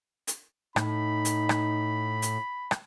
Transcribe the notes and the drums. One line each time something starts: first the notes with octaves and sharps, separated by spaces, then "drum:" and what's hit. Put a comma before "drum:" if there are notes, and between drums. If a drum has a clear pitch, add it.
drum: hi-hat
A2 D#4 B5, drum: rim click
drum: hi-hat
drum: rim click
drum: hi-hat
drum: rim click